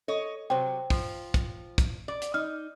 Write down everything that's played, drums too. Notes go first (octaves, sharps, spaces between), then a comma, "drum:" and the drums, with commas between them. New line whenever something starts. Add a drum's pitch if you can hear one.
A4 C#5 D#5
C3 F#3 C5 G5
F3, drum: kick, open hi-hat
drum: kick, hi-hat
drum: kick, hi-hat
D5
drum: hi-hat
D#4 F6